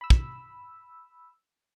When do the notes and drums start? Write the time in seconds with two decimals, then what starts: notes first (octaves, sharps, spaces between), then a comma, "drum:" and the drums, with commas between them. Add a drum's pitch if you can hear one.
0.01 B5 E6
0.10 drum: kick